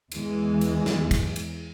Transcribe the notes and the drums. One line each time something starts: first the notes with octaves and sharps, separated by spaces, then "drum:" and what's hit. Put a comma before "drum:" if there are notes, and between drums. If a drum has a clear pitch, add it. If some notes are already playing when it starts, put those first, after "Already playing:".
E2 E3 G#3, drum: cymbal
drum: cymbal
drum: snare
drum: kick, cymbal
drum: cymbal